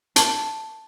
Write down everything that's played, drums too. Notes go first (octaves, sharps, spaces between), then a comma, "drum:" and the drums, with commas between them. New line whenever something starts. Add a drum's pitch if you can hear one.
A5, drum: hi-hat